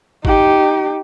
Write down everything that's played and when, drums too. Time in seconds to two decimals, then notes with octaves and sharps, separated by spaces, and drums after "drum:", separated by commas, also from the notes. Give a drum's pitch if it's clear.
0.25 D#4 G4, drum: kick